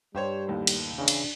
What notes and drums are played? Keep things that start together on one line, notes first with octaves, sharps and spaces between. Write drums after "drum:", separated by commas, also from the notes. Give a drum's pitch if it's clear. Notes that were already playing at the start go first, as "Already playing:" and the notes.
G2 G3 G4 C5 C#5
D#2 A2
drum: cymbal
C#3 E3 D4
drum: cymbal